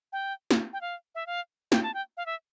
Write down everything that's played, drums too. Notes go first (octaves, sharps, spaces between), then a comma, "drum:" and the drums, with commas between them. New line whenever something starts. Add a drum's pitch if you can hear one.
G5
drum: snare
G5
F5
E5
F5
G5, drum: snare
A5
G5
F5
E5